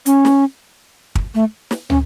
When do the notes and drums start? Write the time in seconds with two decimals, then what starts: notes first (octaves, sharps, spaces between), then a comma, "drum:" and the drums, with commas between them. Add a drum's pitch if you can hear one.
0.06 C#4, drum: hi-hat
0.25 drum: snare
1.15 drum: kick
1.35 A3
1.71 drum: snare
1.90 C#4, drum: tom